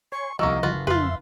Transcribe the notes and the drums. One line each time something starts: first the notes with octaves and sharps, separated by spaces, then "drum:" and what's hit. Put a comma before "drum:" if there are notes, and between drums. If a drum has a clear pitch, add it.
C#5 G#5 C6 C#6
C2 D#3 F3 G3 A#3 D#5 C#6 E6
F#1 F4 F#4 B4
F2 F4 B4 E5 C6, drum: tom